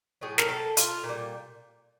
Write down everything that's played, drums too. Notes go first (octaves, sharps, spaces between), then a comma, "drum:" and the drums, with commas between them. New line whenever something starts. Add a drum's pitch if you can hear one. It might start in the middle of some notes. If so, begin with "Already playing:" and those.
A2 F#3 A3 G#4
A#4, drum: snare
A4
F4, drum: hi-hat
A#2
G3